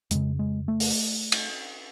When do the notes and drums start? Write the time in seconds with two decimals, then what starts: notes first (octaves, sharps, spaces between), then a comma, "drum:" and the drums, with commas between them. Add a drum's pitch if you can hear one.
0.11 F2 C#3 G#3, drum: hi-hat
0.39 G#3
0.68 A3
0.80 drum: open hi-hat
1.32 drum: cymbal